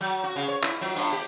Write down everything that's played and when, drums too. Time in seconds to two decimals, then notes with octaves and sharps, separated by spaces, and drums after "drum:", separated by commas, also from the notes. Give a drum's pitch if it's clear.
0.01 F#3
0.24 F#4
0.36 C#3
0.48 C#5
0.63 E4, drum: clap
0.81 F#3, drum: cymbal
0.96 G2, drum: cymbal
1.12 G4